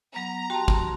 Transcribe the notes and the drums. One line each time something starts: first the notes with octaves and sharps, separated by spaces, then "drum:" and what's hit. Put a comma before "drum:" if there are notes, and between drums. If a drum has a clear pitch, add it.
F#3 B3 A#5
F#4 G4 G5 A5 C6
drum: kick